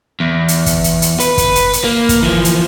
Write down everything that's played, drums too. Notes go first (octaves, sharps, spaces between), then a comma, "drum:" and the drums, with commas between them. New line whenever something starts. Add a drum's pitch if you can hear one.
E2
drum: hi-hat
drum: kick, hi-hat
drum: hi-hat
drum: hi-hat
B4, drum: hi-hat
drum: kick, hi-hat
drum: hi-hat
drum: hi-hat
A#3
drum: kick, hi-hat
E3 F3
drum: hi-hat